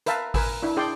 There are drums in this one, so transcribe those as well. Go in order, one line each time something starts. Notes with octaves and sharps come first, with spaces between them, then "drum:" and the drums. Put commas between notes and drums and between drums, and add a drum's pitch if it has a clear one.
A#4 B4 E5 F5 A5, drum: hi-hat
A#4 B4 G#5 E6, drum: kick G#1, open hi-hat
D4 E4
D4 G#4 D5 G5 C6